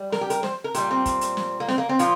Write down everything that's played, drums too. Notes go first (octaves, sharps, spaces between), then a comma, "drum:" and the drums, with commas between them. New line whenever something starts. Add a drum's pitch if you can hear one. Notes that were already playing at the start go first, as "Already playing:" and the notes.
Already playing: G3
A#4, drum: snare
G4
A#4, drum: hi-hat
C5, drum: snare
A#4
A#2 G3 G4, drum: hi-hat
C4
drum: kick, hi-hat
drum: hi-hat
drum: snare
A#3
C4, drum: snare
A#3
C4
A#2 F3 F4, drum: hi-hat